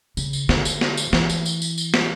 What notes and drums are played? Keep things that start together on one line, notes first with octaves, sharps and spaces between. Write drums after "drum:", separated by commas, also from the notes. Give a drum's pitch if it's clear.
C#3, drum: tambourine
drum: tambourine
D3, drum: snare
drum: tambourine
drum: snare
drum: tambourine
E3, drum: snare
drum: tambourine
drum: tambourine
drum: tambourine
drum: tambourine
drum: snare